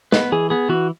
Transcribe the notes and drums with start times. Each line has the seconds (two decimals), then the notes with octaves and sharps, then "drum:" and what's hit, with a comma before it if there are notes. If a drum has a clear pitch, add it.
0.12 B3 B4, drum: snare
0.32 E3 G#4
0.50 B3 G#4
0.69 E3 F#4